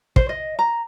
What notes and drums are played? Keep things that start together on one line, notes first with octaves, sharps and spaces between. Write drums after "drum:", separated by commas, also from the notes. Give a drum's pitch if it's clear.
C5, drum: kick
D#5
A#5